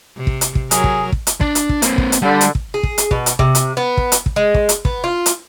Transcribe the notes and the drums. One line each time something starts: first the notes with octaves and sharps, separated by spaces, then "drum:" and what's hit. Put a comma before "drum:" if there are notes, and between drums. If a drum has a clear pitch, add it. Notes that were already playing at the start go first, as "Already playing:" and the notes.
C3
drum: kick
drum: hi-hat
drum: kick
F#3 G#4 A#4, drum: hi-hat
drum: kick
drum: kick
drum: hi-hat
D4, drum: kick
drum: hi-hat
drum: kick
A#3 C4, drum: hi-hat
drum: kick
drum: hi-hat
D3 G3
drum: hi-hat
drum: kick
G#4
drum: kick
drum: hi-hat
B2, drum: kick
drum: hi-hat
C3, drum: kick
drum: hi-hat
B3
drum: kick
drum: hi-hat
drum: kick
G#3
drum: kick
drum: hi-hat
B3, drum: kick
F4
drum: hi-hat